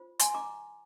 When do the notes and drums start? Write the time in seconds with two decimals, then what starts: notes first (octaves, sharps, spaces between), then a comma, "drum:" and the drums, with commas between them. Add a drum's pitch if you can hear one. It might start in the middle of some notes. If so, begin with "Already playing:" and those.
Already playing: F4 C5
0.19 G#5 C6, drum: hi-hat
0.34 A#5 D6